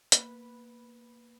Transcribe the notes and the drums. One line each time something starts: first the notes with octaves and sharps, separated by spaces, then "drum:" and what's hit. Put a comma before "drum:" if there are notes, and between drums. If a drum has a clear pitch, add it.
A#3 B4, drum: hi-hat